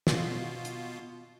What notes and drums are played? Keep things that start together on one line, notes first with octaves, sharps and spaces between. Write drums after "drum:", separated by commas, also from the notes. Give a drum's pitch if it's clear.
B2 F4, drum: snare
drum: hi-hat